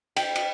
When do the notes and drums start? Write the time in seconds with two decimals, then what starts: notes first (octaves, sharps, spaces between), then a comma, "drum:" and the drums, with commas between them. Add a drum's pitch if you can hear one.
0.16 G5, drum: cymbal
0.36 drum: cymbal